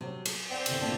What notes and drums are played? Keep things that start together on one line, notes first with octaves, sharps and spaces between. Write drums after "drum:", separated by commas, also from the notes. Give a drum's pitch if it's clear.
C3 F#3 C#5
G#4, drum: cymbal
C4 D5 F#5 G5
G1 C2 C3, drum: cymbal
A#2 A#3 D4